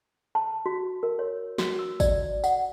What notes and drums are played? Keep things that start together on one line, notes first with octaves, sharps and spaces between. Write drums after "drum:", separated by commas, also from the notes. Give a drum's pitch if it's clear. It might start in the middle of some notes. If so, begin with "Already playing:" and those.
A5
F#4
A#4
C#5
F#4, drum: snare
E6
D5, drum: kick G#1, tambourine
F#5, drum: tambourine